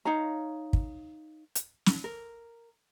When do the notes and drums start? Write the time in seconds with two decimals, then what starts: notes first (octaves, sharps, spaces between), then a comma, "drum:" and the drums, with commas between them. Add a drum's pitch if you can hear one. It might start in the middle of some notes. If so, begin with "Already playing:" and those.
0.05 D#4 C#5 F5 A#5
0.73 drum: kick
1.55 drum: hi-hat
1.86 drum: snare
2.04 A#4